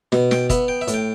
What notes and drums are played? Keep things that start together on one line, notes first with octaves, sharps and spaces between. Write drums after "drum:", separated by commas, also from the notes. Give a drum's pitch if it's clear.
B2, drum: snare
G5, drum: snare
B3 E5, drum: kick, hi-hat
G5
E5
A2, drum: hi-hat
G5